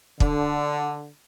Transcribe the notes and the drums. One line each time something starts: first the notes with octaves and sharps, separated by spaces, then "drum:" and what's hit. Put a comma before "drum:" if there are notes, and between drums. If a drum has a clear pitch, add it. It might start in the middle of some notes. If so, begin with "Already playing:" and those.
D3, drum: kick